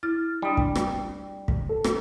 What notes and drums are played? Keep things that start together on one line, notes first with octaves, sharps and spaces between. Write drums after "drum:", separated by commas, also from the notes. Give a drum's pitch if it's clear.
E4 F6 A6
G3 D4 D#6
drum: kick
drum: rim click
drum: kick
A4
drum: rim click